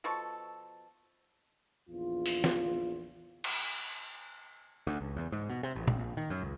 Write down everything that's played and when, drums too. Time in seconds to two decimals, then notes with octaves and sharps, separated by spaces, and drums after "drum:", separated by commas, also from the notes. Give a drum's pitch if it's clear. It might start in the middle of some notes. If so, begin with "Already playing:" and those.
0.04 B2 F3 A4 C#6
1.89 A#1 E2 F4
2.26 drum: open hi-hat
2.44 drum: snare
3.44 drum: cymbal
4.87 D2
5.01 C#2
5.17 E2
5.32 G#2
5.50 B2
5.63 C3
5.75 A1
5.88 A#1, drum: tom A#2
5.99 A#1
6.17 D#3
6.30 F#2
6.43 C#2